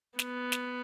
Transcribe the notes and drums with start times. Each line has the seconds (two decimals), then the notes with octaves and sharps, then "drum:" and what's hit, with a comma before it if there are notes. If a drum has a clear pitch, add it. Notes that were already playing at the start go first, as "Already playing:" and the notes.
0.19 B3, drum: snare
0.52 drum: snare